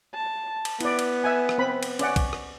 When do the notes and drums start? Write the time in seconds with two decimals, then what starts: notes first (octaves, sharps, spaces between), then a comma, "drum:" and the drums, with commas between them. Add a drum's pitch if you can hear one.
0.14 A5
0.65 drum: cymbal
0.81 B3 E4 D5, drum: cymbal
0.99 drum: cymbal
1.24 E5 F#5 G#5
1.49 drum: rim click
1.58 C4 B4 B5
1.83 drum: cymbal
1.99 C#4 D5 F#5, drum: cymbal
2.16 drum: kick, cymbal
2.33 drum: rim click